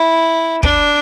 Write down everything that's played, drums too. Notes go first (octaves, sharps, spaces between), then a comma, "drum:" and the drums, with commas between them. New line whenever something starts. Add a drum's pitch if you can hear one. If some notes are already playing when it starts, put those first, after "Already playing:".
Already playing: E4
D4, drum: kick